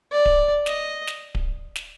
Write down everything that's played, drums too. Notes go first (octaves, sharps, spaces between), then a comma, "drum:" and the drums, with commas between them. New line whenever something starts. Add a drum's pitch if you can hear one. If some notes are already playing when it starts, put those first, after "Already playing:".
D5
drum: kick D1
D#5, drum: snare
drum: snare
drum: kick D1
drum: snare